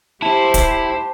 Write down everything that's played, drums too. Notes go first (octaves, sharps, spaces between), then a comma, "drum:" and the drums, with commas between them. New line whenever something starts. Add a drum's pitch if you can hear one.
E4 G4 C5 A5
drum: kick, hi-hat